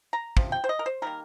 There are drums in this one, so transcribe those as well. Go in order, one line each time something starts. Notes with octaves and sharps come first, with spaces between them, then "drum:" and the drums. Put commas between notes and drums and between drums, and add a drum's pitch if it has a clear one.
A#5
C3 F3, drum: kick
G5
C5
D#5
A#4
C5
D#3 G3 A#3 A#4